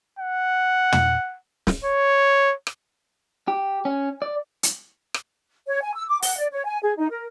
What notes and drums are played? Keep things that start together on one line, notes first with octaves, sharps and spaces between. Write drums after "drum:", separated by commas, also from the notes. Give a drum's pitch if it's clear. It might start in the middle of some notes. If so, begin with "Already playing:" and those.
F#5
drum: tom
drum: snare
C#5
drum: rim click
G4
C#4
D5
drum: hi-hat
drum: rim click
C#5
G#5
E6
D6
F#5, drum: open hi-hat
D5
C#5
G#5
G#4
D#4
A#4